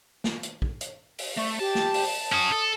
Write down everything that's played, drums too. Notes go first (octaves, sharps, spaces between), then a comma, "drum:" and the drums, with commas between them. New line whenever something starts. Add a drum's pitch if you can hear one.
drum: snare
drum: hi-hat
drum: kick
drum: hi-hat
drum: open hi-hat
A3 C#6
G4 A5
drum: snare
drum: open hi-hat
C#4 F#4 D#6
A4